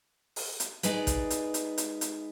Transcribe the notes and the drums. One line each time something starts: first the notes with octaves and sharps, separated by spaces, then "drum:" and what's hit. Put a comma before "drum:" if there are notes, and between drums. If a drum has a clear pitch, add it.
drum: open hi-hat
drum: hi-hat
G#3 D#4 B4 D5, drum: hi-hat
drum: kick, hi-hat
drum: hi-hat
drum: hi-hat
drum: hi-hat
drum: hi-hat